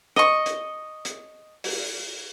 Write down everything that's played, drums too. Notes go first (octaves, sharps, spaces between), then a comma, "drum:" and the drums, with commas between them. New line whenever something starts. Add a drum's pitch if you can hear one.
D#5 C#6, drum: rim click
drum: hi-hat
drum: hi-hat
drum: open hi-hat